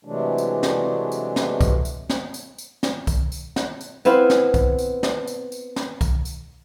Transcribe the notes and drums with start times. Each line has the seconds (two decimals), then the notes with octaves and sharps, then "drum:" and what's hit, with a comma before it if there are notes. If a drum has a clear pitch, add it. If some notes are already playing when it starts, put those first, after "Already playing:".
0.05 C3 E3 F#3 G#3 A3 D4
0.38 drum: tambourine
0.63 drum: snare
1.12 drum: tambourine
1.36 drum: snare
1.61 drum: kick C2, tambourine
1.85 drum: tambourine
2.09 drum: snare
2.34 drum: tambourine
2.58 drum: tambourine
2.83 drum: snare
3.07 drum: kick C2, tambourine
3.32 drum: tambourine
3.56 drum: snare
3.81 drum: tambourine
4.05 B3 C4 E4 F5, drum: tambourine
4.30 drum: snare
4.54 drum: kick C2, tambourine
4.79 drum: tambourine
5.03 drum: snare
5.27 drum: tambourine
5.52 drum: tambourine
5.76 drum: snare
6.01 drum: kick C2, tambourine
6.25 drum: tambourine